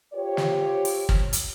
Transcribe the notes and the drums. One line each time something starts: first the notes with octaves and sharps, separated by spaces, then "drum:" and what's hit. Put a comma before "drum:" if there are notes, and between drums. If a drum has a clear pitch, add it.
F4 G4 C5 C#5
drum: snare
drum: open hi-hat
drum: kick
drum: hi-hat